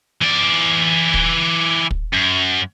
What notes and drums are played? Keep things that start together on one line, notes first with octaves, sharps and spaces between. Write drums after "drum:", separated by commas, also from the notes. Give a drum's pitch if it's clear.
E3 D5
drum: kick
drum: kick
F#2